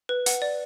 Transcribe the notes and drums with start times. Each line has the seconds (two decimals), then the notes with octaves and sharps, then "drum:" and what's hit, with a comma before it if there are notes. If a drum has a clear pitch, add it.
0.09 B4
0.26 F#5, drum: hi-hat
0.42 D5